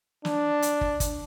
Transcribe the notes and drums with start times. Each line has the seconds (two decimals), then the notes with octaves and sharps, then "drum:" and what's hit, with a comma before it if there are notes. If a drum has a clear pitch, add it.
0.25 D4, drum: snare
0.62 drum: hi-hat
0.81 drum: kick
1.00 drum: kick, hi-hat